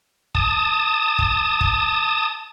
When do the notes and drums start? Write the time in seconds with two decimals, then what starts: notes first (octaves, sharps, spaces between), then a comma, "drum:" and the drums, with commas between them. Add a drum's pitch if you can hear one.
0.35 A5 D#6, drum: kick
1.19 drum: kick
1.61 drum: kick